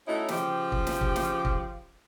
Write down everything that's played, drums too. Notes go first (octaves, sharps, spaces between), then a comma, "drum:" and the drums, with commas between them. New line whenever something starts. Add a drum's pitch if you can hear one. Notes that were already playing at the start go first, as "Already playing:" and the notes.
A3 C#4 D#4 E4 F#4
C#3 F3 G4, drum: snare
drum: kick
drum: snare
drum: kick
drum: snare
drum: kick